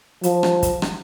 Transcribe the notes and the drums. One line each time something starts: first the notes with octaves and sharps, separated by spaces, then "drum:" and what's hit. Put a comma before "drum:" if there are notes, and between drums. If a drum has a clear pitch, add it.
F3, drum: hi-hat
drum: rim click
drum: kick, hi-hat
drum: rim click